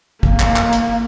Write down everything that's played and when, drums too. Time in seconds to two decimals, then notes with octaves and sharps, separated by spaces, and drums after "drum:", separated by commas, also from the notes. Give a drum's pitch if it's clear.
0.23 A#3, drum: kick
0.40 drum: clap
0.56 drum: clap
0.73 drum: hi-hat